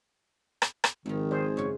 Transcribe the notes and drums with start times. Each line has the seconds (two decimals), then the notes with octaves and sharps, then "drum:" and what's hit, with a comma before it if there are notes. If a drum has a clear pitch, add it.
0.62 drum: rim click
0.84 drum: rim click
1.06 G#1 G#2 D#3 F3
1.31 G#3 G#4 C5 D5
1.57 F#2 C#3 C#5